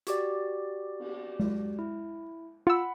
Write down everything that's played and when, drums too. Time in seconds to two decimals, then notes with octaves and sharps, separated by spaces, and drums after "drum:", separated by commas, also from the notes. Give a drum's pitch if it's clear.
0.07 F#4 G4 D5, drum: hi-hat
0.99 drum: cymbal
1.40 drum: tom G#3
1.79 E4
2.67 F4 F#5 B5 E6